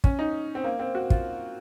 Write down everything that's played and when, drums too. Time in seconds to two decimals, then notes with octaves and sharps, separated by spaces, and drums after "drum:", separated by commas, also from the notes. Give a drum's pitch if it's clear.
0.04 C#4, drum: kick
0.19 D#4
0.55 C4
0.64 A#3
0.79 C4
0.95 F#4
1.10 F4, drum: kick